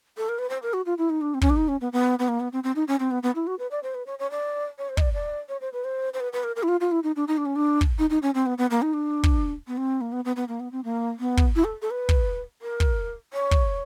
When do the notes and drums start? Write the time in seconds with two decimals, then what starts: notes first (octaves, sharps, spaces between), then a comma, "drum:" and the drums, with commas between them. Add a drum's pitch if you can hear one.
0.17 A4
0.29 A#4
0.39 B4
0.50 C5
0.62 A#4
0.73 F#4
0.86 F4
0.98 E4
1.10 D#4
1.21 D4
1.34 C4
1.41 C#4, drum: kick
1.50 D4
1.56 D#4
1.68 C#4
1.81 B3
1.93 B3
2.19 B3
2.28 A#3
2.40 B3
2.53 C4
2.64 C4
2.76 D#4
2.88 C#4
3.00 C4
3.11 B3
3.23 B3
3.35 E4
3.47 F#4
3.59 B4
3.71 D5
3.83 C5
3.95 B4
4.07 C#5
4.19 C#5
4.31 D5
4.78 C#5
4.89 C5
4.97 D#5, drum: kick
5.01 D5
5.14 D5
5.49 C#5
5.61 C5
5.73 B4
5.84 C5
6.14 C5
6.20 B4
6.33 B4
6.44 A#4
6.56 A#4
6.63 E4
6.68 F4
6.80 F4
6.91 E4
7.03 D#4
7.16 D4
7.28 D#4
7.37 D4
7.46 C#4
7.56 D4
7.81 drum: kick
7.99 D#4
8.10 D#4
8.22 C#4
8.34 C4
8.46 B3
8.58 B3
8.71 A#3
8.82 D#4
8.93 D4
9.23 drum: kick
9.67 B3
9.77 C4
10.01 A#3
10.12 B3
10.25 B3
10.36 B3
10.48 A#3
10.60 B3
10.72 C4
10.84 A#3
11.20 B3
11.37 drum: kick
11.56 E4
11.64 A4
11.82 A4
11.91 B4
12.09 drum: kick
12.62 A#4
12.80 drum: kick
13.33 C#5
13.51 drum: kick